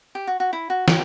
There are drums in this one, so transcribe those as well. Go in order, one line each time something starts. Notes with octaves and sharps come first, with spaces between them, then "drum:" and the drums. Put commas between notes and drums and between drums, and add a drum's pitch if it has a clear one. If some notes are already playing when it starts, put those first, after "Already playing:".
G4
F#4
F#4
E4
F#4
G4, drum: snare